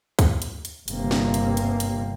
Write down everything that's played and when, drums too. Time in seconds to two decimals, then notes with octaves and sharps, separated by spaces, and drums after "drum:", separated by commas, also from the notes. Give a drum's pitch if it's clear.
0.19 drum: kick, hi-hat
0.42 drum: hi-hat
0.65 drum: hi-hat
0.88 G1 C3 A#3, drum: hi-hat
1.11 drum: snare
1.34 drum: hi-hat
1.57 drum: hi-hat
1.80 drum: hi-hat